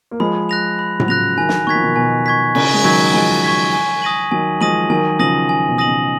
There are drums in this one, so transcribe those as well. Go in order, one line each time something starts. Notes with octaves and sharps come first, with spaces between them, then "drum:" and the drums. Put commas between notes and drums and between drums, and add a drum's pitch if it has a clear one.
A#3
F3 G#3 B5
F#6 A#6 F7
B5
F#3, drum: tom A2
C#3 F3 F#6 A#6 F7
D#3 F#3 G#5
drum: snare
D#3 C#6 G#6 B6
F3
B2 D#3
B2 G#5
C#6 G#6 B6
C#3 G#5, drum: cymbal
G#3
D#3 F#3 C#6 G#6 B6
F3 G#3 G#5
C#6 G#6 B6
G#5
D#6 A#6 D#7 F#7
D#3 F#3 G#5
F3 G#3 D#6 A#6 D#7 F#7
D#3 F#3 G#5
C#3 F3 D#6 A#6 D#7 F#7
G#5
B2
D#6 A#6 D#7 F#7
C#3